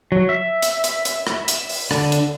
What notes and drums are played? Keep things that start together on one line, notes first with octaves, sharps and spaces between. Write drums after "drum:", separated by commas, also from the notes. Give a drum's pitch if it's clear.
F#3
E5
drum: hi-hat
drum: hi-hat
drum: hi-hat
drum: rim click
drum: hi-hat
drum: open hi-hat
D3, drum: rim click
drum: hi-hat